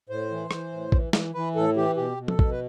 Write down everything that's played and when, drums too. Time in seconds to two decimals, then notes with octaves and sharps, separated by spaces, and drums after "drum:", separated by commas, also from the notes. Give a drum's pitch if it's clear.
0.09 A2 C5
0.31 E3
0.51 E3, drum: rim click
0.72 A2
0.92 E3, drum: kick A1
1.13 E3, drum: snare
1.34 E3 B4
1.55 A2 A4
1.76 E3 G4
1.97 B2 G4
2.17 B2
2.28 A4, drum: tom F3
2.39 B2, drum: kick A1
2.51 B4